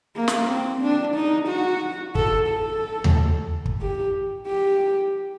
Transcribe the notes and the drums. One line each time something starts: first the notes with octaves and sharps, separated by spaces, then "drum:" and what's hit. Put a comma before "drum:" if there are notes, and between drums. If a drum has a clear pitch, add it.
A#3
drum: snare
C4
D4
D#4
F#4
A4, drum: kick
A4
drum: tom D#2
drum: kick
G4
G4